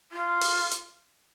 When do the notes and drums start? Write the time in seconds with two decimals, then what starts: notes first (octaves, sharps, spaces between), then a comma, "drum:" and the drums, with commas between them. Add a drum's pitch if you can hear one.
0.11 F4
0.41 drum: open hi-hat
0.71 drum: hi-hat